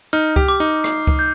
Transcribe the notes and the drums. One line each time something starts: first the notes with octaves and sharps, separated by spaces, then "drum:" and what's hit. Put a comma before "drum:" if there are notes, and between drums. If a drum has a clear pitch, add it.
D#4 F6
G4, drum: kick C#2
D6
D#4
C7, drum: rim click
drum: kick C#2
G6